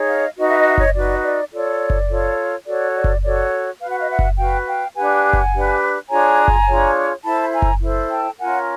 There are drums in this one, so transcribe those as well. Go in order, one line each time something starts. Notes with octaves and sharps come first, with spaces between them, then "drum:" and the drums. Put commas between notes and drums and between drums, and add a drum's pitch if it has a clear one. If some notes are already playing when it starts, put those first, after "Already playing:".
Already playing: D#4 G#4 C#5
D#5 F5
D#4 F#4 B4 D#5
E5
D#5
E5
C#5 D#5, drum: kick F#1
D#4 F#4 B4 D5
D5
F4 A4 C#5 D5
drum: kick F#1
F4 A4 C#5
F#4 A4 C#5 D5
D5
drum: kick F#1
F#4 A4 C#5 D5
F#4 B4 F5
F#5
D#5 F5
E5 F#5
drum: kick F#1
F#4 B4 F5 G5
F5 G5
D4 G4 B4 F#5 G#5
drum: kick F#1
D4 G4 B4
D4 F4 G#4 C#5 G#5 A#5
drum: kick F#1
D4 F4 G#4 C#5
E4 A4 C5 A5 B5
B5
G#5 A#5
drum: kick F#1
E4 A4 C5
G5 A5
C#4 F4 A#4 F#5 G#5